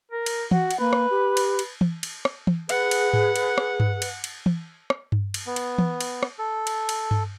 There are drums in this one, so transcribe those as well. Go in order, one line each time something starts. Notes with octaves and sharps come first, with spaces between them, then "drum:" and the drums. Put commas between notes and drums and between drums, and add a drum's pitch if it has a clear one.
A#4
drum: cymbal
F#4 F#5, drum: tom E3
drum: cymbal
A#3 B4
drum: rim click
G4
drum: cymbal
drum: cymbal
drum: tom E3
drum: cymbal
drum: rim click
drum: tom E3
G#4 B4 F#5, drum: cymbal
drum: cymbal
drum: tom G#2
drum: cymbal
drum: rim click
drum: tom G2
drum: cymbal
drum: cymbal
drum: tom E3
drum: rim click
drum: tom G2
drum: cymbal
B3
drum: cymbal
drum: tom E3
drum: cymbal
drum: rim click
A4
drum: cymbal
drum: cymbal
drum: tom G2